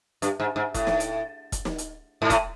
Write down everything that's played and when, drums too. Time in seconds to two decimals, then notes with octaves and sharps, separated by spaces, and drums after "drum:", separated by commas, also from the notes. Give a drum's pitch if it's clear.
0.22 G2, drum: hi-hat
0.40 G#2
0.56 G#2
0.74 A2, drum: kick E1, hi-hat
0.87 drum: snare
1.00 drum: hi-hat
1.52 drum: kick E1, hi-hat
1.65 drum: snare
1.78 drum: hi-hat
2.22 G#2
2.30 A2, drum: kick E1, hi-hat